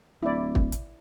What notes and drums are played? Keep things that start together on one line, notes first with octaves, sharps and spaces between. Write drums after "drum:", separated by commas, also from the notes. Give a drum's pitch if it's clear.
D1 E4 D5
drum: kick
drum: hi-hat